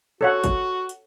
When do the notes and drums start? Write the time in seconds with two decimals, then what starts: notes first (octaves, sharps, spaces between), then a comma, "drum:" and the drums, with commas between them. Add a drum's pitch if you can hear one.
0.21 F#4 A4 C#5 F#5
0.44 drum: kick, hi-hat
0.89 drum: hi-hat